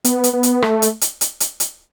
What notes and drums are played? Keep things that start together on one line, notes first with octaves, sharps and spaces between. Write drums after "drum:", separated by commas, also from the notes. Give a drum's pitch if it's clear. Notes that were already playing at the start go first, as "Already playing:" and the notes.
B3, drum: hi-hat
drum: hi-hat
B3
drum: hi-hat
A3, drum: rim click
drum: hi-hat
drum: hi-hat
drum: hi-hat
drum: hi-hat
drum: hi-hat